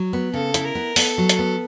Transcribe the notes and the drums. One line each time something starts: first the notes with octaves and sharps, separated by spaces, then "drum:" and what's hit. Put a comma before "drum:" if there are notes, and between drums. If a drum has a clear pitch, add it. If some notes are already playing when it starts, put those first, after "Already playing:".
Already playing: F#3
B3
C#3 A4
E4, drum: hi-hat
A#4
B3
B3 A4, drum: open hi-hat
F#3
drum: hi-hat
B3